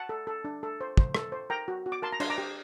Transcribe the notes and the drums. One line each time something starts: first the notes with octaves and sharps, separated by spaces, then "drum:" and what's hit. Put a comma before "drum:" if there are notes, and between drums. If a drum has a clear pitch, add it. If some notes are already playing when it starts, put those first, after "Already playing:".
Already playing: F#5 A5
A4
A4
D4
A4
C5
C5, drum: kick
A4, drum: rim click
C5
A#4 G5 A#5
F#4
F#4
D6
A#4 A5 C6
A#5
D4 C6, drum: cymbal
A#5 D6
G4